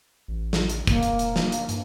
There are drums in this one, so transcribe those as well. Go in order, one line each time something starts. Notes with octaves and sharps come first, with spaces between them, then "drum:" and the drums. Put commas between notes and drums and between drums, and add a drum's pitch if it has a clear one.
A1
drum: snare
drum: hi-hat
E1 A#3, drum: kick, hi-hat
drum: hi-hat
drum: hi-hat
drum: snare
drum: hi-hat
G2, drum: hi-hat